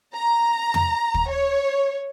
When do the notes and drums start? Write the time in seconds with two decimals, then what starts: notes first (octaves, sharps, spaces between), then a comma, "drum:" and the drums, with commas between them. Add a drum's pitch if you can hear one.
0.14 A#5
0.74 drum: tom
1.14 drum: kick
1.29 C#5